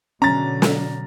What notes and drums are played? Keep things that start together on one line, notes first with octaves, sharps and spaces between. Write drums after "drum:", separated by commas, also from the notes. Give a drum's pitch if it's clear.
B2 D3 F#3 C#4 A#5 A6
drum: snare